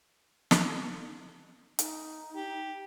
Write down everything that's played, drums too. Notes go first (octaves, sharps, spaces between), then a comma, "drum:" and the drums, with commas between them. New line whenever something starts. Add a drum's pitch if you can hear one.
drum: snare
D#4, drum: hi-hat
G4